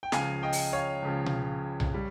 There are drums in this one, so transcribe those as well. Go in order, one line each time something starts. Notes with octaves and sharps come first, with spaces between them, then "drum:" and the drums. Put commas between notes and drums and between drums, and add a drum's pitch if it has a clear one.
G5
C#2 C#3 F3 F5 G#5, drum: snare
D#5 G5
drum: open hi-hat
C#5 F5
C#2 C#3 F3
drum: tom B2
drum: tom B1
G3